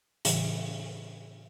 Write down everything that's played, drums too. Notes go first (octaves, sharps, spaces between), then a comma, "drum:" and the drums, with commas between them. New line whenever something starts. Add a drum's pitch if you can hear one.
A2 C#3 E3 G3, drum: hi-hat